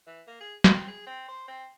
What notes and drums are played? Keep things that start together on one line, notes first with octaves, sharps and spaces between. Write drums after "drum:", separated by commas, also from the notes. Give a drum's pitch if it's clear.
E3
A#3
G#4
C4, drum: snare
G#4
C4
C5
C4